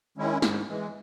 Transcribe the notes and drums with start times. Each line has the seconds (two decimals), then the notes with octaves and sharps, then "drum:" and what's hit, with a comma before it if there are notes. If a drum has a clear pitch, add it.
0.17 D#3 G#3 C#4 E4
0.42 G#2, drum: snare
0.68 E3 G#3